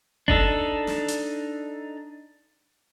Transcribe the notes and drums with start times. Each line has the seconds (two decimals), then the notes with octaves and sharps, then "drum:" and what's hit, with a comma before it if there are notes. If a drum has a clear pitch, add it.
0.28 D4 D#4 A4, drum: kick F#1
0.87 drum: snare
1.08 drum: hi-hat